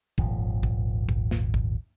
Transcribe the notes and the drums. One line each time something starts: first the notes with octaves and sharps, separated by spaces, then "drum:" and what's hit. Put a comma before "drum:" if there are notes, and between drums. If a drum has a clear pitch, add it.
D#1 G#1 F3, drum: kick
drum: kick
drum: kick
drum: snare
drum: kick